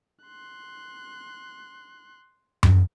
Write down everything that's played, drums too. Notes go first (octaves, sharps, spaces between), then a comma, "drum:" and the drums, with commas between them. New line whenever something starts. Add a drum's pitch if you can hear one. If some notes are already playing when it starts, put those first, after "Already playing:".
C6 F#6
drum: tom F#2